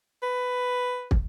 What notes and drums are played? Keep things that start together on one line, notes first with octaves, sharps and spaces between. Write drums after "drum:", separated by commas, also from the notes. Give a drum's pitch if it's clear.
B4
drum: kick